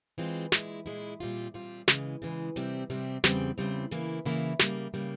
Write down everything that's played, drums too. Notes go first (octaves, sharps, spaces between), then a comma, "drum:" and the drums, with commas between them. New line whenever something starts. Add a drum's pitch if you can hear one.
E3 G#3 C4 F4
A#2 G#3 E4, drum: snare
A#2 G#3 E4
A#2 G3 C4 F4
A#2 G3 C4 F4
C#3 E3 G#3, drum: snare
C#3 E3 G#3
C3 G3 C4, drum: hi-hat
C3 G3 C4
E2 C#3 G3 C4, drum: snare
E2 C#3 G3 C4
C#3 E3 A#3 E4, drum: hi-hat
C#3 E3 A#3 E4
C#3 G3 A#3, drum: snare
C#3 G3 A#3